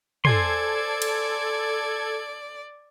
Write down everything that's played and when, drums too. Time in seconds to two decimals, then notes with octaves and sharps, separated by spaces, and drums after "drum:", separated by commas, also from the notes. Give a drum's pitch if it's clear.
0.25 A4 C5 D5 G#5 C6 G#6, drum: tom
1.02 drum: cymbal